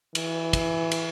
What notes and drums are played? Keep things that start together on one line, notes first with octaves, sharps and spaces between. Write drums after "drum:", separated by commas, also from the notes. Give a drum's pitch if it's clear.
E3, drum: cymbal
drum: kick, cymbal
drum: cymbal